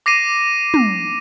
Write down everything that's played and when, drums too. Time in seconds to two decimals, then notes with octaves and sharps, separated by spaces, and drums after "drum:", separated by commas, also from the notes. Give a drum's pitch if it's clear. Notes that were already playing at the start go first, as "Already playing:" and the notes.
0.06 D6 A#6 C7 D#7
0.74 drum: tom